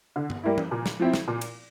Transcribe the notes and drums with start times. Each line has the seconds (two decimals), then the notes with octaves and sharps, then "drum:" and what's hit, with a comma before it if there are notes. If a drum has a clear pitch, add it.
0.16 D3
0.30 drum: tom G2
0.43 G3 A#3 E4
0.58 drum: tom
0.71 A#2
0.86 drum: snare
1.00 F3 C4 E4
1.14 drum: snare
1.28 A#2
1.41 drum: cymbal